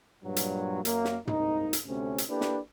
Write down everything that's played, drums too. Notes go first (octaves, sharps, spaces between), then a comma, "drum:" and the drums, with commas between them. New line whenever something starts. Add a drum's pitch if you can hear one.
G2 A#2 F#3
drum: hi-hat
F#2 A#3, drum: hi-hat
drum: snare
C2 G#2 A#3 D#4, drum: tom
drum: hi-hat
D2 C3 A3 C#4
drum: hi-hat
A#3 D4 E4 G4 A4 B4
drum: snare